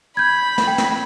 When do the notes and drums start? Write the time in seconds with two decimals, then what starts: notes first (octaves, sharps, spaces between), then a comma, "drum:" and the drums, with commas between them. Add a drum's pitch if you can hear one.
0.17 B5 G6 G#6
0.58 drum: snare
0.67 G5
0.78 drum: snare